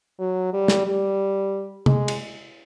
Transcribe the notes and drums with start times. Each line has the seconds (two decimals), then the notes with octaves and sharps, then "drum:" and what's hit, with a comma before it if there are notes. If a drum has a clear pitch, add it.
0.19 F#3
0.53 G3
0.68 drum: snare
0.86 G3
1.86 G#3, drum: tom C3
2.08 drum: cymbal